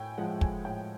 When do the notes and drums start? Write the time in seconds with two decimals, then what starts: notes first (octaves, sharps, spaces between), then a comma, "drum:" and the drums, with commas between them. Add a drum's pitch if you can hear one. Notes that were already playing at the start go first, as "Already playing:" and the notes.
Already playing: A2 G5 G#5
0.18 F3 G#3 F#5
0.41 G#5, drum: kick
0.65 A2 G5